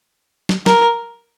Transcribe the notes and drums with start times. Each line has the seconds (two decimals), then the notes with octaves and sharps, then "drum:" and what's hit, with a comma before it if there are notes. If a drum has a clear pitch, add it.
0.49 drum: snare
0.66 A#4, drum: snare